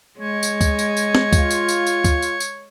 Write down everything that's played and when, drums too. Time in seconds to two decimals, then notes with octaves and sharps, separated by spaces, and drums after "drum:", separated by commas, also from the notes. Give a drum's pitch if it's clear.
0.19 G#3 C#5
0.43 drum: tambourine
0.61 drum: kick C#2, tambourine
0.79 drum: tambourine
0.97 drum: tambourine
1.15 drum: snare
1.33 F4, drum: kick C#2, tambourine
1.51 drum: tambourine
1.69 drum: tambourine
1.86 drum: tambourine
2.04 drum: kick C#2, tambourine
2.22 drum: tambourine
2.40 drum: tambourine